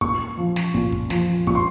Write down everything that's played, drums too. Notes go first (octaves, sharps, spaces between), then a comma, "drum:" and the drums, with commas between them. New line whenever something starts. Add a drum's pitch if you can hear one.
A#2 C#6, drum: kick
F3
drum: snare
A#2, drum: kick
drum: kick
F3, drum: snare
A#2 C#6, drum: kick
C6